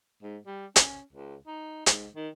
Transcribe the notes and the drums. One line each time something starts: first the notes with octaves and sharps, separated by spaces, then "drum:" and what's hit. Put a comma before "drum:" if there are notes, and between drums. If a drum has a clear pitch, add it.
G#2
G3
C#4, drum: hi-hat
C#2
D#4
G#2, drum: hi-hat
D#3